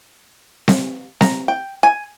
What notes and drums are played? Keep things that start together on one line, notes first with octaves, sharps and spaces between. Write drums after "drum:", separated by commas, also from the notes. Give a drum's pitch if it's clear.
drum: snare C4
A#5, drum: snare C4
G5
G#5